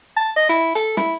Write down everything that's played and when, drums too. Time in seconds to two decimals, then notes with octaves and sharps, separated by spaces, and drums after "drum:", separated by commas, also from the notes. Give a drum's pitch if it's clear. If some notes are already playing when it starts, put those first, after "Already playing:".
0.16 A5
0.36 D#5
0.49 E4, drum: hi-hat
0.75 A4, drum: hi-hat
0.97 E4, drum: snare